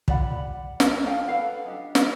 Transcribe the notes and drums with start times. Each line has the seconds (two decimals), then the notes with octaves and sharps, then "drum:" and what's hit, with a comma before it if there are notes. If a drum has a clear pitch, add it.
0.08 G4 D5 F#5 B5, drum: kick
0.80 A#4 G5 A5, drum: snare
1.03 D4 A4 F5 G5
1.27 A4 B4 F5 F#5
1.66 D4 G4 D#5
1.95 drum: snare